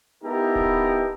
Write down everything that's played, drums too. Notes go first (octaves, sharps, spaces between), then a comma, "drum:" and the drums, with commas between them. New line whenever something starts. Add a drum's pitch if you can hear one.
B3 D#4 E4 G4 A4 A#4
drum: kick D1